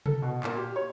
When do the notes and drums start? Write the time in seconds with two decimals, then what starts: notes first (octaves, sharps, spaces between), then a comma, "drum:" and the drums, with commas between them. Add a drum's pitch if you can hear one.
0.06 A4, drum: tom C3
0.22 B2
0.44 A#2, drum: clap
0.57 G4
0.76 C#5